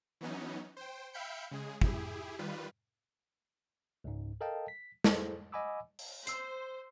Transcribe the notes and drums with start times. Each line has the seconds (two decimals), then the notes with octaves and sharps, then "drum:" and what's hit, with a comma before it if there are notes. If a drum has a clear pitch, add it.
0.21 E3 F#3 B3 C#4 D#4
0.77 C5 G5
1.13 E5 F5 G5 B5 G6 C#7
1.51 C#3 G#3 G#4
1.82 E4 G4 G#4, drum: kick
2.39 D#3 G3 F4 B4
4.04 C#2 G#2
4.41 A4 A#4 D#5 F5 G5 A5
4.68 B6
5.04 E4 G#4 A4 C5, drum: snare
5.52 D#5 F#5 G#5 B5 D6 E6
5.99 drum: open hi-hat
6.27 C5 E6 C7, drum: hi-hat